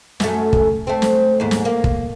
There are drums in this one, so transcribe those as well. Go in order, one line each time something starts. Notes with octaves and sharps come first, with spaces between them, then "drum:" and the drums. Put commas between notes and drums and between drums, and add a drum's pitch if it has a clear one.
F#2 A3, drum: snare
drum: kick
A3 C4
drum: snare
D#2 G#2
drum: snare
A#3
drum: kick